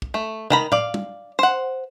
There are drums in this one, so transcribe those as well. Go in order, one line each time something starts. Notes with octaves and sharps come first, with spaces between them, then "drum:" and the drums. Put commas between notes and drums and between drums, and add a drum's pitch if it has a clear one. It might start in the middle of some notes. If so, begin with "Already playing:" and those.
drum: kick
A3
D#3 A#5 B5, drum: tom
D5 F5, drum: tom
drum: tom
C5 F#5